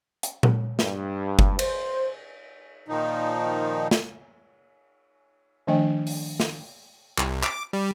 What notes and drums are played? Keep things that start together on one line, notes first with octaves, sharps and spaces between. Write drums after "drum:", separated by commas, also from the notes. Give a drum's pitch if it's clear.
drum: hi-hat
drum: tom A#2
G2, drum: snare
drum: kick F#1
C5, drum: cymbal
A#2 D#3 F3 D#4
drum: snare
D#3 F3 A3 D4 D#5 G5
drum: open hi-hat
drum: snare
C2, drum: clap
D6, drum: clap
G3